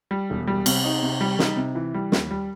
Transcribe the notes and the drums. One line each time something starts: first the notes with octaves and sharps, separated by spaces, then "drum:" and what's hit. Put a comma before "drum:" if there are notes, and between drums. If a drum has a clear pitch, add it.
G3
E1
G3
C3, drum: cymbal
D#4
C3
G3
D#4, drum: snare
C3
E3
G3
D#2, drum: snare
G3